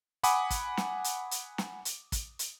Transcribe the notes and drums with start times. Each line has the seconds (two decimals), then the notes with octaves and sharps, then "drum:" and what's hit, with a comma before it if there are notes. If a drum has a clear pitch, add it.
0.24 F#5 G#5 B5 D6 D#6, drum: hi-hat
0.50 drum: kick, hi-hat
0.77 drum: snare
1.04 drum: hi-hat
1.31 drum: hi-hat
1.58 drum: snare
1.85 drum: hi-hat
2.12 drum: kick, hi-hat
2.39 drum: hi-hat